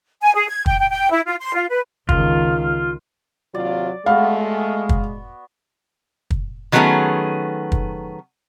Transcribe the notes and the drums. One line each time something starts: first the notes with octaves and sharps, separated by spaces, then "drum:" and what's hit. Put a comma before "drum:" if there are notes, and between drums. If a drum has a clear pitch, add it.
G#5
G#4
G#6
G5, drum: kick
G5
G5
E4
F4
C6
F4
B4
C#2 D#3 F4, drum: kick
D#2 C3 F#3 F4 D5
G#3 A3 B3 F#4 F5
drum: kick
drum: kick
D#3 F#3 A3 B3 C#4 G#4
drum: kick